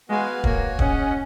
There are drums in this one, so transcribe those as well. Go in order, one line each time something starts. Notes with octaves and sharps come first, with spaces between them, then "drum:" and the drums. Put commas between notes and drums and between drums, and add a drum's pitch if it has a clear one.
G#3 B3 F#4 B4 F5 G#5
A#3 F#4 C#5 G#5, drum: kick
C#4 G#4 D#5 F#5, drum: kick